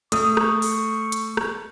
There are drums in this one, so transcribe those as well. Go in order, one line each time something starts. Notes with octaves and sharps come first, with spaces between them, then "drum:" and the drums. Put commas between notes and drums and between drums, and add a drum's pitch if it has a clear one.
A3 C#6 D#6, drum: hi-hat
drum: rim click
drum: open hi-hat
drum: hi-hat
drum: rim click